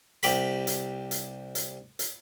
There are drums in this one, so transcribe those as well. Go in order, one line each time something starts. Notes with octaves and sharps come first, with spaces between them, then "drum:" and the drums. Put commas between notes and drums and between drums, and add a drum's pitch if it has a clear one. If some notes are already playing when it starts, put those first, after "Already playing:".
C2 G4 B5, drum: hi-hat
drum: hi-hat
drum: hi-hat
drum: hi-hat
drum: hi-hat